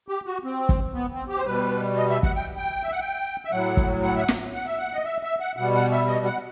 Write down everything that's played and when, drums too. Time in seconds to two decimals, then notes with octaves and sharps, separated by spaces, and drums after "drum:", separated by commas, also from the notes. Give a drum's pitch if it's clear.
0.08 G4
0.26 F#4
0.44 C4
0.69 drum: kick
0.94 B3
1.12 C4
1.29 G4
1.38 C5
1.46 B2 G3 B4
1.97 D#5
2.10 E5
2.23 F#5, drum: kick
2.36 G5
2.57 G5
2.83 E5
2.92 F#5
3.00 G5
3.45 E5
3.52 A2 F#3 F#5
3.77 drum: kick
4.03 F#5
4.16 E5
4.19 F#5
4.28 drum: snare
4.54 F#5
4.66 E5
4.78 F#5
4.93 D#5
5.05 E5
5.23 E5
5.40 F#5
5.57 B2 G3 F#5
5.74 F#5
5.91 E5
6.08 D#5
6.25 F#5